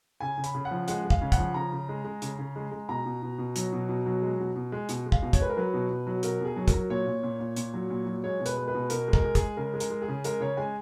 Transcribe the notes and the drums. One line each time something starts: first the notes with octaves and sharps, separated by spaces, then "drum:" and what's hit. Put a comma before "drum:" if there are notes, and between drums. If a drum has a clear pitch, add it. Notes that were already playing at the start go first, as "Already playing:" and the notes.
C#3 G#5
C#3
B5, drum: hi-hat
C#3
F#5
F3
G#3 F#5, drum: hi-hat
G#3
F5, drum: kick
C#3
F#5, drum: kick, hi-hat
F3
C#3 A#5
C#3
G#3
G#3
C#3, drum: hi-hat
C#3
G#3
G#3
B2 A#5
B2
B2
B2
F#3, drum: hi-hat
B2
B2
F#3
G#3
B2
B2
G#3
B2, drum: hi-hat
G#3
F5, drum: kick
B2
C#5, drum: kick, hi-hat
G#3 B4
A#4
F#3 B4
B2
B2
F#3
B2 A#4, drum: hi-hat
B2 G#4
F#3
A#4, drum: kick, hi-hat
F#3
A#2 C#5
A#2
A#2
A#2
A#2, drum: hi-hat
F#3
A#2
F#3
G#3 C#5
B2
B4, drum: hi-hat
G#3
B4
B2
B2 A#4, drum: hi-hat
G#3
A#4, drum: kick
G#3
G#4, drum: kick, hi-hat
G#3
C#3 A#4
G#3
A#4, drum: hi-hat
G#3
G#4
C#3
G#3 A#4, drum: hi-hat
C#3 C#5
G#3 G#5